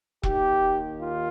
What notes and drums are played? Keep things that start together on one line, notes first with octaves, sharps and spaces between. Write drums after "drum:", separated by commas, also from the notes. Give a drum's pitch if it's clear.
D#2 D#3 G4, drum: kick E1
F4